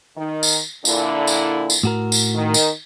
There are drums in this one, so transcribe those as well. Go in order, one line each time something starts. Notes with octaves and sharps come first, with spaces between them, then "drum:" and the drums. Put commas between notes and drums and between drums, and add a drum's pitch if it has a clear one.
D#3
drum: tambourine
A#2 D3 E4, drum: tambourine
drum: tambourine
drum: tambourine
A2 F#4 A#4
drum: tambourine
D#3
drum: tambourine